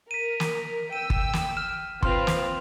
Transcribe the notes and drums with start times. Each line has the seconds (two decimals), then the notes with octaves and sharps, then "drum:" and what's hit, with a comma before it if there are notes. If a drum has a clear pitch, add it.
0.11 A#4 B6 D#7
0.40 drum: snare
0.93 G5 E6 D#7
1.10 drum: kick G1
1.33 drum: snare
1.57 F6 E7
2.03 C4 F4 B4 C6 F6 F7, drum: kick G1
2.27 drum: snare